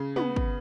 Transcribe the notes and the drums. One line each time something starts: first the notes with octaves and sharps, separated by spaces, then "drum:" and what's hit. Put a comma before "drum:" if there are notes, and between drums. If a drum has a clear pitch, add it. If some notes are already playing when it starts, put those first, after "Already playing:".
Already playing: C#3
B3, drum: tom
drum: kick